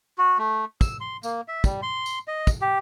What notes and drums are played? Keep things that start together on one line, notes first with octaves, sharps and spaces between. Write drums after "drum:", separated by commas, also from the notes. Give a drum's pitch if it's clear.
F#4
A3
E6, drum: kick, tambourine
C6
A#3, drum: tambourine
E5
G3, drum: kick, tambourine
C6
drum: tambourine
D#5
drum: kick, tambourine
G4